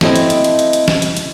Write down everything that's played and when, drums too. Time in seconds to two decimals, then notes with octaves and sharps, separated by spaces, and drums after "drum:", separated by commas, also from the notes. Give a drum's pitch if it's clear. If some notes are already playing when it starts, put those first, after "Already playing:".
0.01 A3 C4 E4 D#5, drum: snare
0.16 drum: hi-hat
0.30 drum: hi-hat
0.44 drum: hi-hat
0.59 drum: hi-hat
0.73 drum: hi-hat
0.88 drum: snare
1.02 drum: hi-hat
1.17 drum: hi-hat